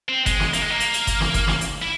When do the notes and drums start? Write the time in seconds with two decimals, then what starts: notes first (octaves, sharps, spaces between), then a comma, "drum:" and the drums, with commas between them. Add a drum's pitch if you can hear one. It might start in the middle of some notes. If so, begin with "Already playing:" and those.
0.09 C4
0.26 G#3, drum: kick F#1, hi-hat
0.40 drum: snare
0.53 A#3, drum: hi-hat
0.62 G#3
0.70 A#3
0.80 drum: hi-hat
0.94 drum: hi-hat
1.07 drum: kick F#1, hi-hat
1.21 drum: snare
1.34 drum: kick F#1, hi-hat
1.48 drum: snare
1.61 drum: hi-hat
1.82 E4